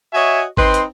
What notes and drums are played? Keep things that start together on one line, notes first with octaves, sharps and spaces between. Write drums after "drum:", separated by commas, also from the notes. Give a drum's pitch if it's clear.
F#4 C#5 D#5 E5 G#5
C4 D#4 B4 C6, drum: kick G#1
drum: hi-hat